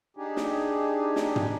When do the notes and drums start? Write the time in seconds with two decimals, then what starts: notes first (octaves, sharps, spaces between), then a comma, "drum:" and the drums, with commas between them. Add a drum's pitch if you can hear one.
0.17 D4 D#4 G4 G#4
0.37 drum: snare
1.16 drum: snare
1.36 drum: tom